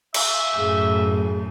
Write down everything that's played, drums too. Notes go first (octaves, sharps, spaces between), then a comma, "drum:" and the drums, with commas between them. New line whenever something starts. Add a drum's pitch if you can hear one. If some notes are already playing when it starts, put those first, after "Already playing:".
E5, drum: cymbal
F#2 A2 G#4